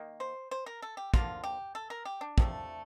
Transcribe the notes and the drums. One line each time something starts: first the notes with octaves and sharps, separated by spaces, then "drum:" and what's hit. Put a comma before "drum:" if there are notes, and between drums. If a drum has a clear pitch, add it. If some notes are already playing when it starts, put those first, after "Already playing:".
Already playing: D#3 A#3
C5
C5
A#4
A4
G4
D3 F3 A#3 F4, drum: kick
G4
A4
A#4
G4
D4
C3 F3 A3, drum: kick